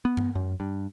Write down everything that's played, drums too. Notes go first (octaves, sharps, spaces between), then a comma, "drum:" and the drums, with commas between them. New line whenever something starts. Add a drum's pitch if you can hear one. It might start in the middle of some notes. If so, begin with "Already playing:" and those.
B3
drum: tom G2
F#2
G2